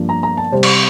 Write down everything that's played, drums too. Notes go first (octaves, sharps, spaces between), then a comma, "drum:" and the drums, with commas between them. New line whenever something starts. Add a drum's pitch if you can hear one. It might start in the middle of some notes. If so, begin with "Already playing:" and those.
Already playing: G2 F3 A#3
A#5
A#5
A5
C3 G3 C4 C5
drum: cymbal